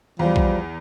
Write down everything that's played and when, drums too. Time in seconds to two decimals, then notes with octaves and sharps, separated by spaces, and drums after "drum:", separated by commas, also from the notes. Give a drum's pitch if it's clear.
0.19 E2 F3 G3
0.36 drum: kick A#1